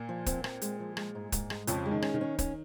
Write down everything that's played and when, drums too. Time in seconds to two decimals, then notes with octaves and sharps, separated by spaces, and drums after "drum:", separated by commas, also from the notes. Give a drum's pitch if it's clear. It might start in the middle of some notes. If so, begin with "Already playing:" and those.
Already playing: A#2 A#3
0.09 F3
0.26 C4, drum: kick, hi-hat
0.44 C4, drum: rim click
0.62 G#3, drum: hi-hat
0.80 F3
0.97 G#3, drum: rim click
1.15 G#2
1.32 G#2, drum: kick, hi-hat
1.50 G#3, drum: rim click
1.67 F2 C#3 F3, drum: hi-hat
1.86 G#3
1.91 D#3
2.02 C#4, drum: rim click
2.14 D#3
2.21 C#4
2.39 C#4, drum: kick, hi-hat